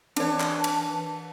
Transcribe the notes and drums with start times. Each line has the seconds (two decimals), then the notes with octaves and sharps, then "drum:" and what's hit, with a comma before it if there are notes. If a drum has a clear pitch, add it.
0.16 E3 D4 C#5 A5, drum: cymbal
0.40 drum: clap
0.64 drum: cymbal